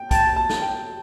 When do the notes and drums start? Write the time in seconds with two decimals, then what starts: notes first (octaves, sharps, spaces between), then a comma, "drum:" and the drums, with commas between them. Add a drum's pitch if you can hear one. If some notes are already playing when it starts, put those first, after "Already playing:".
Already playing: G5
0.11 G5 A5, drum: kick, hi-hat
0.36 A5
0.49 drum: snare
0.62 G5